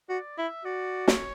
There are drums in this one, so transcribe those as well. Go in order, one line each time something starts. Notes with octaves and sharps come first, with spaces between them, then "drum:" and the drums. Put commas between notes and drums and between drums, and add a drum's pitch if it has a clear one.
F#4 D5
E4 E5
F#4 D5
C#5, drum: snare